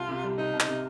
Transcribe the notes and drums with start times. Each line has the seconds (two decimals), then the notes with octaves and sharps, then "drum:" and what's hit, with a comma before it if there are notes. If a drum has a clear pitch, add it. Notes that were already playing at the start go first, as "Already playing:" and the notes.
Already playing: C2 F4
0.09 C3
0.23 G3
0.37 C4 D#4
0.53 C2
0.60 D#4, drum: clap
0.68 C3